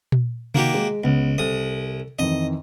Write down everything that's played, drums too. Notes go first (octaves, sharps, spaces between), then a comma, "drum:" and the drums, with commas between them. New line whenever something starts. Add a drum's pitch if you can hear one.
drum: tom A#2
D#3 A#3 F#4 G4, drum: tom C3
G#3
C#2 B3
C2 A4 D#6
F2 D#3 E3 D#5